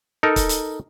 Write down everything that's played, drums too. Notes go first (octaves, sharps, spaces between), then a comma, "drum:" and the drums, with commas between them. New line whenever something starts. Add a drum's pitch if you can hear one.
D#4 A4 A#4
drum: kick, hi-hat
drum: hi-hat